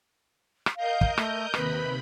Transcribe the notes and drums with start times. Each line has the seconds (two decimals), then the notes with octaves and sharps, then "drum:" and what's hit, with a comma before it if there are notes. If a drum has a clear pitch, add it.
0.66 drum: rim click
0.76 A#4 D#5 F5 G6
1.01 drum: kick
1.18 A3, drum: rim click
1.54 D#2 C3 B4 B5, drum: rim click